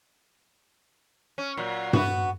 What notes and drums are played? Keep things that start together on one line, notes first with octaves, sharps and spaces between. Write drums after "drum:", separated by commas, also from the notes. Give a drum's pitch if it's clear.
C#4
A#2 F#3
B3 F#4, drum: tom G2